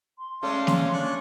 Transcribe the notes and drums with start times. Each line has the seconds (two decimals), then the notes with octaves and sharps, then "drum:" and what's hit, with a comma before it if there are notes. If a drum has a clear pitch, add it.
0.19 C6
0.43 G#3 A3 C#4 D5 F5
0.67 drum: snare
0.93 D4 C#6 F#6